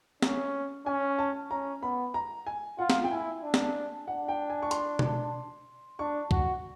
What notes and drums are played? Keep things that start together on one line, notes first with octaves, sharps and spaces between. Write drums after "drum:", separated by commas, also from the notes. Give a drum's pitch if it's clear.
C#4, drum: snare
C#4 G#5
A5
C#4 A#5
B3 B5
A#5
G#5
F4 F#5
drum: snare
G5
E4 G#5
D4
drum: snare
D4 F#5
G5
G#5
C#6
C6, drum: hi-hat
drum: tom B2
D4 C#6
F#4, drum: kick